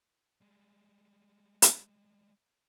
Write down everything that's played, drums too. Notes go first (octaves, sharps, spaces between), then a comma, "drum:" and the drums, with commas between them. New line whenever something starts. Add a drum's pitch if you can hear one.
G3 G#3
drum: hi-hat